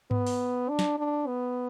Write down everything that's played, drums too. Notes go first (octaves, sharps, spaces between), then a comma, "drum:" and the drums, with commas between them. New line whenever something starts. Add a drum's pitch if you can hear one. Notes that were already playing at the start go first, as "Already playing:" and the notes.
B3, drum: tom G#2
drum: open hi-hat
D4
drum: snare
D4
B3